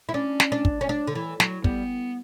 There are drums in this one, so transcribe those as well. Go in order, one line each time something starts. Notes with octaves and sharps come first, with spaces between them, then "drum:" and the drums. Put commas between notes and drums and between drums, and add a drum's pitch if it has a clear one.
E4
C#4 D4
drum: snare
D4
drum: kick
C#4
D4
D3
E3
F#3, drum: snare
G3 B3, drum: kick